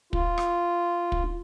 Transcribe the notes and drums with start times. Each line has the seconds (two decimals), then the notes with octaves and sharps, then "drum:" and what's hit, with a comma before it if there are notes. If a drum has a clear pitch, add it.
0.13 F4, drum: kick
0.38 drum: rim click
1.12 drum: kick